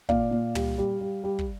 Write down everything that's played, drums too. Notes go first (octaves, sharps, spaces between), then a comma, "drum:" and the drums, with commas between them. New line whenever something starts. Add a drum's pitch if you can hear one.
A#2 D5 F5, drum: kick
A#2
G3, drum: tom
G3
G3
G3
drum: kick